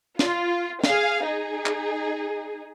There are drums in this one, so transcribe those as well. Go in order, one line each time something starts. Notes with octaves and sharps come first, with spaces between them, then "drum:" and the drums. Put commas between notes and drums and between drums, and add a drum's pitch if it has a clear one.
F4, drum: snare
G#4 F5, drum: snare
D#4 G#4
drum: clap